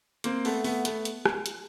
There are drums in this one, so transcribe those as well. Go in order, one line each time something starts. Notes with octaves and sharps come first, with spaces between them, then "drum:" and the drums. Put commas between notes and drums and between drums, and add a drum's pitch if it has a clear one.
A#3 C4, drum: hi-hat
A3 B3, drum: open hi-hat
A3 B3, drum: open hi-hat
A3 B3, drum: hi-hat
drum: hi-hat
drum: rim click
drum: hi-hat